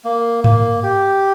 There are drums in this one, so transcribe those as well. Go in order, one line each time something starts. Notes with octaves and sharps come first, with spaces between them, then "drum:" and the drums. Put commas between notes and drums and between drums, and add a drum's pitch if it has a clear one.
A#3
A#3, drum: tom G#2
G4